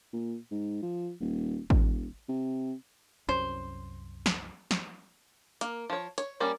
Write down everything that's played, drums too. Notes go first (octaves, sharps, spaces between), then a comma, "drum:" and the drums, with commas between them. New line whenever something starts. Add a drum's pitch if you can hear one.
A#2
G#2
F3
D#1
E1, drum: kick A1
C3
C2 F#2 C#4 C5
drum: snare
drum: snare
A#3, drum: hi-hat
F3 C#5
C#5, drum: hi-hat
G3 A#3 C#4 D5